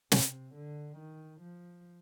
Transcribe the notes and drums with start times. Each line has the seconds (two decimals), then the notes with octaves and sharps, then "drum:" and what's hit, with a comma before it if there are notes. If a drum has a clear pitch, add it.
0.12 C3, drum: snare
0.55 D3
0.98 D#3
1.41 F3